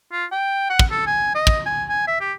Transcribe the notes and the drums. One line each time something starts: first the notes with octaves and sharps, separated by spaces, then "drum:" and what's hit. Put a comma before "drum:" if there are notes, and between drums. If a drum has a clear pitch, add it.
F4
G5
F#5
drum: kick
A4
G#5
D#5
drum: kick
G#5
G#5
E5
G4